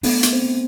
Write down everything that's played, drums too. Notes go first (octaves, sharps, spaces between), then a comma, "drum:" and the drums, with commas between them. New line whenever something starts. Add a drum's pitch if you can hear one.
A3 B3 D4, drum: open hi-hat
drum: hi-hat
C4